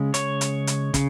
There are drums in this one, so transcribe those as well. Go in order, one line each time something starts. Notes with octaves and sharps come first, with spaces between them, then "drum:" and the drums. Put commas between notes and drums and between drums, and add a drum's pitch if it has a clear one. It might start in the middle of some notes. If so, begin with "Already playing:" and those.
Already playing: C#3 G#3 C#4
C#5, drum: hi-hat
drum: hi-hat
drum: hi-hat
C#3, drum: kick, hi-hat